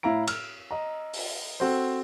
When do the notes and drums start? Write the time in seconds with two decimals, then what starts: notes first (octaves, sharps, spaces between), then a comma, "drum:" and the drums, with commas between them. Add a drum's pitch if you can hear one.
0.03 A2 E4 F5 A#5 D7
0.27 E6 F6, drum: cymbal
0.71 D#5 A#5
1.13 drum: open hi-hat
1.60 C4 F#4 A4 C5